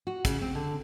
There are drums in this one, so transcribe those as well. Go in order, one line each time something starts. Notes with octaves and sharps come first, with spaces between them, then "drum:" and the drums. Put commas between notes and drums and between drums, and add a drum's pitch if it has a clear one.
F#4
C#3, drum: kick, hi-hat
C4
D3